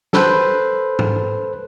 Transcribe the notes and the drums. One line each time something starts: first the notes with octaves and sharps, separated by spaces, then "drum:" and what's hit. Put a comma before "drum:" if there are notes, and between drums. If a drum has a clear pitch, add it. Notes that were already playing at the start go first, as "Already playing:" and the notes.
A4 B4 C5, drum: snare
drum: tom G#2